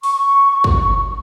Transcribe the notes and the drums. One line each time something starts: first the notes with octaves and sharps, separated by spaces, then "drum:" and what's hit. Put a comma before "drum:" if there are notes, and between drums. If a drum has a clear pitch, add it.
C#6, drum: open hi-hat
drum: kick